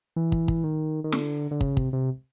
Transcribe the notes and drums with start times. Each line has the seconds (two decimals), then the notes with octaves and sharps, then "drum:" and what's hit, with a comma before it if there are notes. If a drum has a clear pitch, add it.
0.16 E3
0.32 drum: kick
0.48 drum: kick
0.64 D#3
1.04 D#3
1.12 D3, drum: snare
1.51 D3
1.61 C#3, drum: kick
1.77 C3, drum: kick
1.93 C3